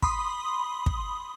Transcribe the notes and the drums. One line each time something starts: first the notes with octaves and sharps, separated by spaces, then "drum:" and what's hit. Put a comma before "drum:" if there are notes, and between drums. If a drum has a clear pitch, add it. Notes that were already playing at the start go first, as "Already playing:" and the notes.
B5 C6 D#6, drum: kick
drum: kick